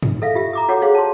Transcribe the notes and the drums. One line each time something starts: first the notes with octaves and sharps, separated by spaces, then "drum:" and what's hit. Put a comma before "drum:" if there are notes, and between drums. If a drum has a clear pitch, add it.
drum: tom G2
A4 E5 F5
F4 G4 E5
A#5 D6 D#6
F#4 A4 C#5 F#5 D6
G#4 C5 C#5 F5
A5 C6